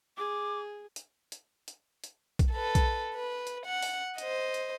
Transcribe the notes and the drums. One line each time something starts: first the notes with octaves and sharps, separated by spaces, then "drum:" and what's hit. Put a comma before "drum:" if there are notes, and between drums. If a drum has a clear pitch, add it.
G#4 D6
drum: hi-hat
drum: hi-hat
drum: hi-hat
drum: hi-hat
drum: kick A#1, hi-hat
A4 B4
drum: kick A#1, hi-hat
B4
drum: hi-hat
F#5
drum: open hi-hat
C5 D#5, drum: hi-hat
drum: hi-hat